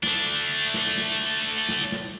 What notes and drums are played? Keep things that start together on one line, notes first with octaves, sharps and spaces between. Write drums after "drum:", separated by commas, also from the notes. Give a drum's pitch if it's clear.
A3 D4, drum: snare
drum: snare
drum: snare
drum: snare
drum: snare